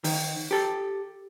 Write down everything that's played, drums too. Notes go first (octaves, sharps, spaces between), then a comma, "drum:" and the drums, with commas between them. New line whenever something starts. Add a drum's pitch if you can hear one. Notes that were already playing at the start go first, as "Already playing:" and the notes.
D#3, drum: open hi-hat
G4 A4